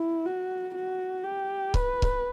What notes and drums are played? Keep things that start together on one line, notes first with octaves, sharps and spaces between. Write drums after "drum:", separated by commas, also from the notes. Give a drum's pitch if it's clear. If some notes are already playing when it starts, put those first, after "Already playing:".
Already playing: E4
F#4
F#4
G4
B4, drum: kick C#1
drum: kick C#1